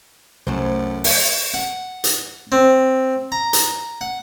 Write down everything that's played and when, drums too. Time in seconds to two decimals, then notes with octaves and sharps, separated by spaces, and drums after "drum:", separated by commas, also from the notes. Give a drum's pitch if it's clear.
0.47 C2 F#2 A3 C5
1.04 drum: open hi-hat
1.54 F#5
2.04 drum: hi-hat
2.52 C4
3.32 A#5
3.53 drum: hi-hat
4.01 F#5